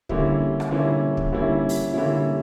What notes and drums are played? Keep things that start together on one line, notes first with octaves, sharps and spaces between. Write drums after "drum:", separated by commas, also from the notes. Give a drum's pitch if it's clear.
D3 G3 A#3 C#4 E4, drum: kick
drum: rim click
D3 G3 A#3 C#4 E4
drum: kick
D3 G3 A#3 C#4 E4
drum: open hi-hat
D3 G3 A#3 C#4 E4